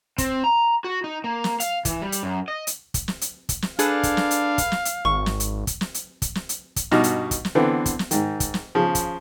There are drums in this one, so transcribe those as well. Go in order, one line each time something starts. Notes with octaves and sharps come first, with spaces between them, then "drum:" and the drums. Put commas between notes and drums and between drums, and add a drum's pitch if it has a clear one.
C4, drum: kick, hi-hat
A#5
F#4
D#4
A#3
drum: snare
F5, drum: hi-hat
E3, drum: kick, hi-hat
G3
drum: hi-hat
F#2
D#5
drum: hi-hat
drum: kick, hi-hat
drum: snare
drum: hi-hat
drum: kick, hi-hat
drum: snare
D4 G#4 A4 B4 F5, drum: hi-hat
drum: kick, hi-hat
drum: snare
drum: hi-hat
drum: kick, hi-hat
drum: snare
drum: hi-hat
G#1 C#6
drum: snare
drum: hi-hat
drum: kick, hi-hat
drum: snare
drum: hi-hat
drum: kick, hi-hat
drum: snare
drum: hi-hat
drum: kick, hi-hat
G2 B2 D#4 F#4 D6 F6, drum: snare
drum: hi-hat
drum: kick, hi-hat
drum: snare
D3 E3 B3 C4
drum: kick, hi-hat
drum: snare
G#2 D#3, drum: hi-hat
drum: kick, hi-hat
drum: snare
C#3 F3
drum: kick, hi-hat